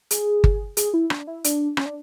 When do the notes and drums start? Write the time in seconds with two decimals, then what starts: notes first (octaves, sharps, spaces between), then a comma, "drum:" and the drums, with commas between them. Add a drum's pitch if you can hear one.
0.11 G#4, drum: hi-hat
0.44 drum: kick G1
0.77 G#4, drum: hi-hat
0.94 E4
1.10 D4, drum: rim click
1.27 E4
1.44 D4, drum: hi-hat
1.77 C#4, drum: rim click
1.86 D4